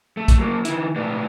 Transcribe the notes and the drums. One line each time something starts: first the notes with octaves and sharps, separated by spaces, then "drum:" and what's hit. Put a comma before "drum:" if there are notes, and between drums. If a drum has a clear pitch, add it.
A3
drum: kick A#1, hi-hat
F#3 A#3
D#3 E4, drum: hi-hat
A2 A3 G4 B4 D5